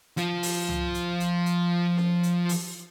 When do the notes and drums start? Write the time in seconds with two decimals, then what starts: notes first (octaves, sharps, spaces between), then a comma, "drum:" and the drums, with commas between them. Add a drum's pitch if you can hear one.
0.17 F3 F4, drum: hi-hat
0.43 drum: open hi-hat
0.69 drum: tom
0.94 drum: hi-hat
1.20 drum: hi-hat
1.46 drum: hi-hat
1.97 drum: snare C#4
2.23 drum: hi-hat
2.49 drum: open hi-hat